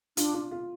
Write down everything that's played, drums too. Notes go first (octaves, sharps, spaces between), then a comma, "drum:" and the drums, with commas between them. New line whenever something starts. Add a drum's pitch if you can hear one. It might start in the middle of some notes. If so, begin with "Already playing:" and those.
D4 F4, drum: hi-hat
F4
F4